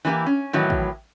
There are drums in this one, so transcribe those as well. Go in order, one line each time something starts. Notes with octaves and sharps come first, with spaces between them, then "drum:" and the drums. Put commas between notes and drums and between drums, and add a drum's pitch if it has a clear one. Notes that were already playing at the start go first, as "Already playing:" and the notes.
E3 F#3 A#3 E4 G4
C#4
A2 D#3 E3 F#3
drum: kick